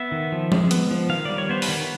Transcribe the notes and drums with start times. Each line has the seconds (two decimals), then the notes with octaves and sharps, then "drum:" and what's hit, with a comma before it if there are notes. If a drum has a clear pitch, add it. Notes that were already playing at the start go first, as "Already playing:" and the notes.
Already playing: B3 E5
0.12 D#3
0.32 F3
0.52 G#3, drum: tom F3
0.71 B3, drum: hi-hat
0.91 F3
1.09 D#3 F5
1.25 G3 D5
1.38 C#5
1.49 B3 C5
1.62 B4, drum: open hi-hat
1.68 D#3